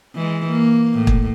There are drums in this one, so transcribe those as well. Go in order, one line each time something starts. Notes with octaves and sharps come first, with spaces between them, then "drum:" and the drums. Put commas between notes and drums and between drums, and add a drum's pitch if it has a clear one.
E3 G#3
A#3
A2
drum: kick